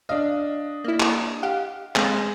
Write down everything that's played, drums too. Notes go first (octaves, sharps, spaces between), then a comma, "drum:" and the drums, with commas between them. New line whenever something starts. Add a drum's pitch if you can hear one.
D4 D#5 F5
A#3 E4
drum: clap
G4 F5 F#5
G#3 C4, drum: clap